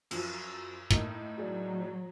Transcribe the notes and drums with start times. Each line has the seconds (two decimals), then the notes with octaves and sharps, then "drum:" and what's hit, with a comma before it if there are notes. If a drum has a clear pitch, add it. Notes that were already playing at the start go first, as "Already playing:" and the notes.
0.11 F#2 F3 F#3, drum: cymbal
0.91 A2 A#3 D#4, drum: kick
1.37 F#3 F#4 G#4 D5